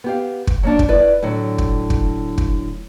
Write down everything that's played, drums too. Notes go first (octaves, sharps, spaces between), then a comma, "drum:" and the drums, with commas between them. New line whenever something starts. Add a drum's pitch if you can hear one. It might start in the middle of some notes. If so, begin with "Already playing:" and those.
B3 G4 F5
drum: kick
F#3 A#3 D4
drum: kick
E4 B4 D5
A2 D3 F#3
drum: kick
drum: kick
drum: kick